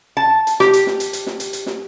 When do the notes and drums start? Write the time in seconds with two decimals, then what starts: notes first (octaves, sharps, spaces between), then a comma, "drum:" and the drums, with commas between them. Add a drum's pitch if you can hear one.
0.17 A5
0.47 drum: hi-hat
0.60 G4, drum: snare
0.73 drum: hi-hat
0.87 drum: snare
1.00 drum: hi-hat
1.13 drum: hi-hat
1.26 drum: snare
1.40 drum: hi-hat
1.53 drum: hi-hat
1.66 drum: snare